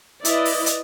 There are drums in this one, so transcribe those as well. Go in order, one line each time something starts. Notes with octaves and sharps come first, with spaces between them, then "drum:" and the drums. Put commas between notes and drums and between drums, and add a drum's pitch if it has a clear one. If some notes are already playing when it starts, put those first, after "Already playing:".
E4 B4 D5 D#5, drum: hi-hat
drum: open hi-hat
drum: hi-hat